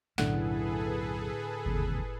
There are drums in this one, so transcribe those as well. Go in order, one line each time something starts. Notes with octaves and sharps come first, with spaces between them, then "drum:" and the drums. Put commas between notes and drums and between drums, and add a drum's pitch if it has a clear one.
B1 F#2 A2 D3 G#4 A4 B4 F#5, drum: snare
E1 D#2 C3, drum: kick G1